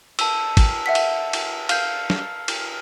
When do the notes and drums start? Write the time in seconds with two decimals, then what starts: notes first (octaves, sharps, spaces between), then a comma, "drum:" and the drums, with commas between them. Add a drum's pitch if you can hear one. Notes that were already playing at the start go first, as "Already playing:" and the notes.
0.19 A5 E6, drum: cymbal
0.57 drum: kick G#1, cymbal
0.86 E5 F#5 B6
0.95 drum: cymbal
1.33 drum: cymbal
1.69 F5 F6 G6 C7, drum: cymbal
2.10 drum: snare
2.48 drum: cymbal